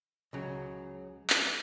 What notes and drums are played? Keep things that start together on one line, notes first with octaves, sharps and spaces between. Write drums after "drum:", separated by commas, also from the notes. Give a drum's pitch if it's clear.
C#2 C#3 F#3
drum: clap